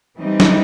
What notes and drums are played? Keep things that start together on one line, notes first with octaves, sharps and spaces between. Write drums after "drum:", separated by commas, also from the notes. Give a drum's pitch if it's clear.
E3 G3 C4 D#4
drum: snare